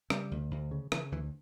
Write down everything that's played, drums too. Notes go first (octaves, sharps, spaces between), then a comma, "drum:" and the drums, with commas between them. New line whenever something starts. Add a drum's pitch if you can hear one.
C#3 G3, drum: rim click
D2
D2
C#3
C#3 E3, drum: rim click
D2 E3